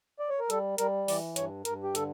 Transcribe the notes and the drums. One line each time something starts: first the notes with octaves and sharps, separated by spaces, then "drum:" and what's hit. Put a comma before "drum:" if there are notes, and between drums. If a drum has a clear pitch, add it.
D5
C#5
A#4
G3 A4, drum: hi-hat
G3 A#4, drum: hi-hat
E3 D5, drum: open hi-hat
G2 C#5, drum: hi-hat
G2 A#4, drum: hi-hat
G4
D3 A4, drum: hi-hat